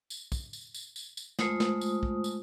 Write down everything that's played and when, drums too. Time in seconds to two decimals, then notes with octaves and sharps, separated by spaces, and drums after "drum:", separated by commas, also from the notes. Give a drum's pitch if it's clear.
0.10 drum: tambourine
0.32 drum: kick, tambourine
0.53 drum: tambourine
0.74 drum: tambourine
0.96 drum: tambourine
1.17 drum: tambourine
1.39 G#3 A3 F4 C5 D#6, drum: snare
1.60 drum: snare
1.81 drum: tambourine
2.03 drum: kick
2.24 drum: tambourine